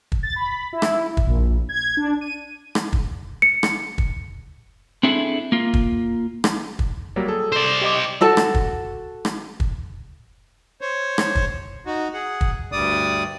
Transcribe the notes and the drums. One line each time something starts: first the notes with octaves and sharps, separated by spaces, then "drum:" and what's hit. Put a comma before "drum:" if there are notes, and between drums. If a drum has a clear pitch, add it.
drum: kick
A6
B5
E4
drum: rim click
drum: kick
A#1
G#6
D4
D#7
drum: rim click
drum: kick
C#7
drum: rim click
drum: kick
C4 D4 E4 G#4 A4
A#3 F4
drum: kick
drum: rim click
drum: kick
F#3 G3 A#3
G#4 A4
C5 D5
G4 D#5 D6
F#4 A4 A5
drum: rim click
drum: kick
drum: rim click
drum: kick
C5 C#5
drum: rim click
drum: kick
D#4 F#4
G#4 F#5
drum: kick
D2 G2 G3 D5 D#6